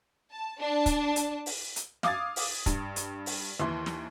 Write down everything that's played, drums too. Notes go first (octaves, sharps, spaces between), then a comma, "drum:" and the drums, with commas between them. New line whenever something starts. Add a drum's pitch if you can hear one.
A5
D4 A5
drum: kick, hi-hat
drum: hi-hat
drum: open hi-hat
drum: hi-hat
F5 D6 D#6 G#6 A6, drum: snare
drum: open hi-hat
G2, drum: kick, hi-hat
drum: hi-hat
drum: open hi-hat
D#2 E3 C6
drum: snare